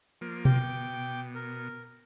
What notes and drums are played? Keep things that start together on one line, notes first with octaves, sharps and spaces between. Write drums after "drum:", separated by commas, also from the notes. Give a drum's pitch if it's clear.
F3 A#3
G5 D6, drum: tom B2
B2
A#4